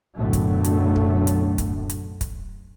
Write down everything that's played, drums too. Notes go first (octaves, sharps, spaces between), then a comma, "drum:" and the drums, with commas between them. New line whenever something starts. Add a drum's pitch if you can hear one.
B1 F#2 A2 D3 F#3 A3
drum: kick, hi-hat
drum: hi-hat
drum: kick
drum: hi-hat
drum: kick, hi-hat
drum: hi-hat
drum: kick, hi-hat